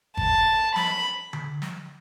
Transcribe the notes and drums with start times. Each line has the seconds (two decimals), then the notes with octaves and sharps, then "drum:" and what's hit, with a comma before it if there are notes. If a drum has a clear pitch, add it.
0.17 A5, drum: kick G#1
0.76 B5, drum: snare
1.33 drum: tom D3
1.62 drum: snare